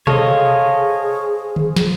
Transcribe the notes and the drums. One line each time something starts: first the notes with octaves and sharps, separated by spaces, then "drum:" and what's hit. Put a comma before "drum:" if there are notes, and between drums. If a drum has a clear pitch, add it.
G#4 A4 C5 C#5 D#5 F5, drum: tom B2
drum: tom D3
drum: snare